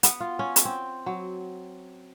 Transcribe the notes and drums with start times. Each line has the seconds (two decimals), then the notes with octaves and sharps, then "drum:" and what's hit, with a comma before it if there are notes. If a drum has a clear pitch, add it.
0.03 B3, drum: hi-hat
0.20 F4
0.39 C#4
0.56 drum: hi-hat
0.65 C4
1.06 F#3